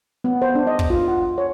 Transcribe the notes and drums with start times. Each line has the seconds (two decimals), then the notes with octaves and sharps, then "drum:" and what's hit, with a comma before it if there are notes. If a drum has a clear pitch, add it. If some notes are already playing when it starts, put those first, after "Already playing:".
0.24 B3
0.42 C5
0.55 D4
0.67 D#5
0.79 drum: kick
0.90 F4
1.08 F#5
1.38 C#5